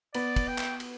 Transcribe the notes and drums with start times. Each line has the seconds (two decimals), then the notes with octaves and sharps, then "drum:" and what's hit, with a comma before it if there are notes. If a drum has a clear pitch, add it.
0.14 B3 B4 D5, drum: cymbal
0.36 drum: kick, cymbal
0.47 G5
0.58 drum: clap
0.80 drum: cymbal